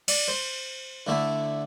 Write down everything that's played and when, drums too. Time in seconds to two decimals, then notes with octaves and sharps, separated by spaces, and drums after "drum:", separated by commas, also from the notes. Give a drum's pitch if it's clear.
0.08 D5, drum: cymbal
0.28 C5
1.07 D3 A3 E4